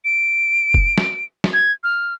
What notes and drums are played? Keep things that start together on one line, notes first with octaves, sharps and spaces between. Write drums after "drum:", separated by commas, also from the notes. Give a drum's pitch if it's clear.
D7
drum: kick
drum: snare
drum: snare
G#6
F6